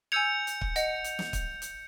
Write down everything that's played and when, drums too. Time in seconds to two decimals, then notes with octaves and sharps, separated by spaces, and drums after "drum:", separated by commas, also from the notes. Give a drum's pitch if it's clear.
0.12 G#5 E6 G6 G#6 C#7 F7
0.47 drum: hi-hat
0.61 drum: kick
0.76 D#5 F#5, drum: hi-hat
1.04 drum: hi-hat
1.19 drum: snare
1.33 drum: kick, hi-hat
1.62 drum: hi-hat